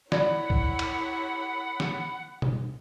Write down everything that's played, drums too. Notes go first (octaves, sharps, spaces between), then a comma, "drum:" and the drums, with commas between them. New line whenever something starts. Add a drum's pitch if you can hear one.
E4 A#4 C#5 D5 F#5 B5, drum: snare
drum: kick C2
drum: cymbal
drum: snare
drum: tom B2